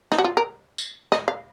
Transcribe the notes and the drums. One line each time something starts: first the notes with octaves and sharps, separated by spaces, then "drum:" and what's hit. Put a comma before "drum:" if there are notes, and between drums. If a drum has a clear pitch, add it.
D#4, drum: rim click
F#4
F4
A#4
drum: tambourine
D#5, drum: rim click
F5